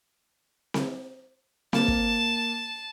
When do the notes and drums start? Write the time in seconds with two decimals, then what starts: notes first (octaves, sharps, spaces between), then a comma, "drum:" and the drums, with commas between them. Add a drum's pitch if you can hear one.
0.74 drum: snare C4
1.73 A#3 A5, drum: snare C4
1.88 drum: kick